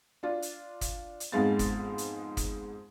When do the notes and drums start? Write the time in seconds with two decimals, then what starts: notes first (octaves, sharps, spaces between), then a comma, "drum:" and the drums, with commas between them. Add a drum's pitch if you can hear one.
0.23 D4 F4
0.42 drum: hi-hat
0.81 drum: kick, hi-hat
1.20 drum: hi-hat
1.32 F2 G#2 G#3 B3 F5 A6
1.59 drum: kick, hi-hat
1.98 drum: hi-hat
2.37 drum: kick, hi-hat